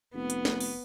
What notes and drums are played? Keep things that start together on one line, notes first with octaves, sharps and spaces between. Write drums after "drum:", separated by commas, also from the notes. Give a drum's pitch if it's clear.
F1 B3
drum: hi-hat
drum: snare
drum: open hi-hat